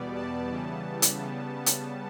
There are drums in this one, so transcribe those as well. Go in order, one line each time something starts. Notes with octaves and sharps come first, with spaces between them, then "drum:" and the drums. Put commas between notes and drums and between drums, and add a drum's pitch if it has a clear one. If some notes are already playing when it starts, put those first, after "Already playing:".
Already playing: E2 B2 G3 B3 D5
A5
C#3 E3 G3 B3
drum: hi-hat
C#3 G3 B3
drum: hi-hat